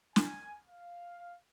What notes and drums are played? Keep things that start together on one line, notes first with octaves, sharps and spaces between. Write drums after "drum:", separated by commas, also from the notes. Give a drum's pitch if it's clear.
G#5, drum: snare
F5